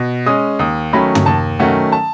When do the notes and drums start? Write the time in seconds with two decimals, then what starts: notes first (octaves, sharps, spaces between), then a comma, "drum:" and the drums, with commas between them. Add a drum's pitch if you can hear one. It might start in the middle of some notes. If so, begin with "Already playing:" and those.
Already playing: B2
0.26 G#3 C#4 D#6
0.59 D#2 D#6
0.93 D#3 F#3 A3 C#4 B5
1.15 drum: tom
1.26 D#2 A5
1.59 D#3 F#3 A3 C#4 F#5
1.92 A5